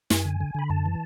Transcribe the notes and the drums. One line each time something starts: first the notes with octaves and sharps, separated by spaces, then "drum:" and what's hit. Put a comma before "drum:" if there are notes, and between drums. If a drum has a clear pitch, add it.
F#2 G#5, drum: snare
D3
D3
D3 B5
F#2 A5
E3